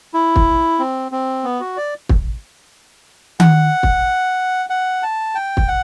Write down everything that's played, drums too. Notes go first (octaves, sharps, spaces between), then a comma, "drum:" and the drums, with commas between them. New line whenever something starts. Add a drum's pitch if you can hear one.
E4
drum: kick
C4
C4
B3
F#4
D5
drum: kick
F#5, drum: tom D#3
drum: kick
F#5
A5
G5
drum: kick
F#5